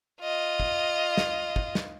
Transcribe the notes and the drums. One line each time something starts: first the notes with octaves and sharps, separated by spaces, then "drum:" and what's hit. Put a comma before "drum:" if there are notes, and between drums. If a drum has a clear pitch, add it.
F4 D#5
drum: kick
drum: snare
drum: kick
drum: snare